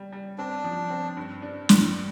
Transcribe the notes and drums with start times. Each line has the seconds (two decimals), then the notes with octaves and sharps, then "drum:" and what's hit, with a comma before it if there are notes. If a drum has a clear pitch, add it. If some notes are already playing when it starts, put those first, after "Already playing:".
Already playing: G3
0.12 G3
0.38 C4 D4
0.64 F3
0.90 C4
1.17 G2
1.42 D4
1.69 G2, drum: snare